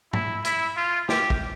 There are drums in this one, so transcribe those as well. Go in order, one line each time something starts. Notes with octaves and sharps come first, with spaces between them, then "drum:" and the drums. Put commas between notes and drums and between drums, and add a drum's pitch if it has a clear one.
E4, drum: tom
E4, drum: hi-hat
F4
G4, drum: snare
drum: kick